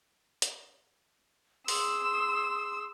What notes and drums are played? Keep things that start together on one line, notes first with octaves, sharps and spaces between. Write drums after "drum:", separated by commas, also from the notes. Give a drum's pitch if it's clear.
drum: hi-hat
G#4 C6 D#6 E6, drum: open hi-hat